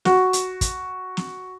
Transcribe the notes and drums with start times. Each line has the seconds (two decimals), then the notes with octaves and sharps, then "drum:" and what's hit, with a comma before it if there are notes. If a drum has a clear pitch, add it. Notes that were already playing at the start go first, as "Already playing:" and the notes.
0.05 F#4, drum: snare
0.33 drum: hi-hat
0.61 drum: kick, hi-hat
1.17 drum: snare